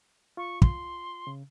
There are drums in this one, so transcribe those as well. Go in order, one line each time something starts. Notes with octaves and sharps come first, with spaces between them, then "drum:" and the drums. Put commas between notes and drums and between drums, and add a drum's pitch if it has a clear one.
F4 C#6
C6, drum: kick
C#3